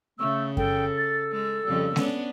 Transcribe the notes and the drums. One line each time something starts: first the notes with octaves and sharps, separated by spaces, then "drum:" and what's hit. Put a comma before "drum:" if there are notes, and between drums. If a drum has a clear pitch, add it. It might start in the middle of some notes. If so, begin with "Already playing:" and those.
C#3 A3 E6
A4 G5, drum: kick F#2
A6
G#3 E6
F2 C#3 G3
B3 C#4 D4, drum: snare G#3